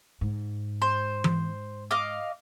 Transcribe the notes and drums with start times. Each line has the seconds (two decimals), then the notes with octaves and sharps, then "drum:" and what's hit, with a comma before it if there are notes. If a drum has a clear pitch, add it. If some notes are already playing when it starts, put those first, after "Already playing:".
0.21 G#2
0.82 C5
1.24 drum: tom E3
1.91 D#5 F5 D6